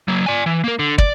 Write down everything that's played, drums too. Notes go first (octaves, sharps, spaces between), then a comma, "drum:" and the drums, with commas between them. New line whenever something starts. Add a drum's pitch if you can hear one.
F#3 A#3
D5 G#5
E3
A#3 A#4
D3
D5, drum: kick